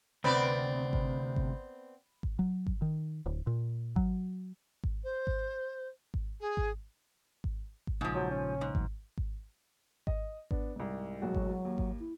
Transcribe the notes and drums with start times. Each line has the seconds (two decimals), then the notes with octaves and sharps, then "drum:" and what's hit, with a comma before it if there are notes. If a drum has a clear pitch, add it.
0.24 D2 C3 B3 C4 D5 B5
0.93 drum: kick G#1
1.36 drum: kick G#1
2.23 drum: kick G#1
2.39 F#3
2.67 drum: kick G#1
2.82 D#3
3.26 D1
3.47 A#2
3.96 F#3, drum: kick G#1
4.84 drum: kick G#1
5.03 C5
5.27 drum: kick G#1
6.14 drum: kick G#1
6.40 G#4
6.57 drum: kick G#1
7.44 drum: kick G#1
7.87 drum: kick G#1
8.01 A#1 G#2 C#3 F3 A#3
8.15 F#3
8.31 C#4
8.61 G#2
8.75 D#2 A2 F#3, drum: kick G#1
9.18 drum: kick G#1
10.07 D#5, drum: kick G#1
10.51 B3 D4, drum: kick G#1
10.76 C2 G#2
11.22 E1 A1 F#3 F#4
11.35 drum: kick G#1
11.65 D#2
11.78 drum: kick G#1
12.00 E4